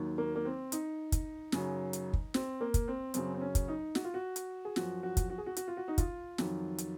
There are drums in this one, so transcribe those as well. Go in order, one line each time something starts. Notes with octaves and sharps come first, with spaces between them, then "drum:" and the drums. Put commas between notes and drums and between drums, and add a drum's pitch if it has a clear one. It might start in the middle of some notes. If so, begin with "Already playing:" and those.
Already playing: D#2 D#3 F#3
A#3
A#3
C4
D#4, drum: hi-hat
drum: kick, hi-hat
F#2 C#3 F#3, drum: snare
drum: hi-hat
drum: kick
C4, drum: snare
A#3
drum: kick, hi-hat
C4
F#2 C#3 F#3 C4, drum: hi-hat
C4
C#4
drum: kick, hi-hat
D#4
F#4, drum: snare
F4
F#4
drum: hi-hat
G#4
F#2 F3 F#4, drum: snare
F#4
drum: kick, hi-hat
F#4
G#4
F#4
F#4, drum: hi-hat
F4
F#4
D#4
F4, drum: kick, hi-hat
F2 D#3 F#3, drum: snare
drum: hi-hat